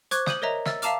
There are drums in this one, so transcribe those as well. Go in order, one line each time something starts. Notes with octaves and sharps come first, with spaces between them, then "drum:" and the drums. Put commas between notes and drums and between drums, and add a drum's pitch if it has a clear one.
C5 C#6 D6 F#6 G#6, drum: hi-hat
D#6 G6 D#7 F#7, drum: snare
A#4 C#5 D#5 E5 A#5
E5 E6 F6 A6, drum: snare
E5 F5 A5 A#5 D6 F6, drum: hi-hat